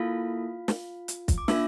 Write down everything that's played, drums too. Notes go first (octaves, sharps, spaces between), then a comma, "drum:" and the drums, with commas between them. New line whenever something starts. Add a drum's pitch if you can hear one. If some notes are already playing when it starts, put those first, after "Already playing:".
Already playing: A#3 E4 F4 A4 F5
drum: snare
drum: hi-hat
drum: kick, hi-hat
D6
A#3 D4 F4 E5 E6, drum: snare